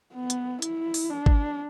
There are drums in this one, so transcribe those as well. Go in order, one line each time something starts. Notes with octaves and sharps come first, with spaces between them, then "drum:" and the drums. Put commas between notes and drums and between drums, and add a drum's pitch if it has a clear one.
B3
drum: hi-hat
E4, drum: hi-hat
drum: open hi-hat
D4
drum: kick G#1